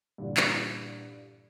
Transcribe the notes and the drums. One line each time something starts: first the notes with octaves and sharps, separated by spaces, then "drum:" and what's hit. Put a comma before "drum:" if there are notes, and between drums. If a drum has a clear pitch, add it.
G2 A#2 D3 E3
drum: clap